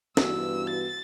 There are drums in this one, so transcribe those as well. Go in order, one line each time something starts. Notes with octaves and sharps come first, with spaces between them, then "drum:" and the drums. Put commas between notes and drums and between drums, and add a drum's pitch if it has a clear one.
G2 E3 B3 F#4 E6, drum: snare
A6